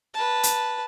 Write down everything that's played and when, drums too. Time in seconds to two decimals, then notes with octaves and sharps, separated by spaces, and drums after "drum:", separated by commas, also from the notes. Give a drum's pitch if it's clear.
0.14 B4 A5
0.43 drum: hi-hat